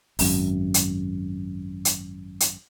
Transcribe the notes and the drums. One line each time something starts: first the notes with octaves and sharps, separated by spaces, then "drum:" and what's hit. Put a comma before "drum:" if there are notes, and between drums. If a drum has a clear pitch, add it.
G#1 F#2, drum: open hi-hat
drum: hi-hat
drum: hi-hat
drum: hi-hat